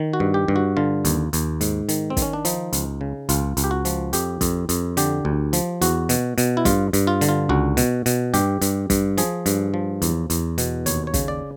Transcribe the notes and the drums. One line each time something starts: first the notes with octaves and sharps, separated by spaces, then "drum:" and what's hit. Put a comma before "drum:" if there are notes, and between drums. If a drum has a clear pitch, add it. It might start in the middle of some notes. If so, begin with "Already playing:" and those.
Already playing: D#3
F#4
G2
G4
G2
F#4
D3 F4
D#2, drum: hi-hat
D#2, drum: hi-hat
G#2, drum: hi-hat
D#3, drum: hi-hat
C4
D#3, drum: kick, hi-hat
C#4
D4
F3 D#4, drum: hi-hat
C#2, drum: hi-hat
C#3
C#2 F4, drum: hi-hat
C#2, drum: hi-hat
G4
F#4
F3, drum: hi-hat
F2 G4, drum: hi-hat
F2, drum: kick, hi-hat
F2, drum: hi-hat
D3 G4, drum: hi-hat
D2
F3, drum: hi-hat
E2 F#4, drum: hi-hat
B2, drum: hi-hat
B2, drum: hi-hat
E4
G2 F4, drum: kick, hi-hat
G2, drum: hi-hat
F4
D3, drum: hi-hat
F4
C#2 F#4
B2, drum: hi-hat
B2, drum: hi-hat
G2 G4, drum: hi-hat
G2, drum: hi-hat
G2, drum: kick, hi-hat
F3 G#4, drum: hi-hat
G2, drum: hi-hat
F3
E2, drum: hi-hat
E2, drum: hi-hat
B2, drum: hi-hat
D#2 C#5, drum: hi-hat
C#5
C#3, drum: kick, hi-hat
D5